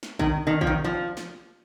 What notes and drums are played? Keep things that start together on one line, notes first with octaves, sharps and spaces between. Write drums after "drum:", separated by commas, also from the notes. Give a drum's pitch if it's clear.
drum: snare
D#3, drum: kick A1
D#3
F3, drum: kick A1
D#3
F3
drum: snare